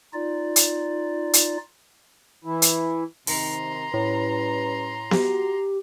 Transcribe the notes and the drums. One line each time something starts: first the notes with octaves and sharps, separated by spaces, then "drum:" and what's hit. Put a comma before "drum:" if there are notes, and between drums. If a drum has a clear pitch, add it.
D#4 F4 D5
drum: hi-hat
drum: hi-hat
E3 E4
drum: hi-hat
C3 D#3 A#5 C6, drum: open hi-hat
A2 G3 C#4 B4
F#4 G4, drum: snare B3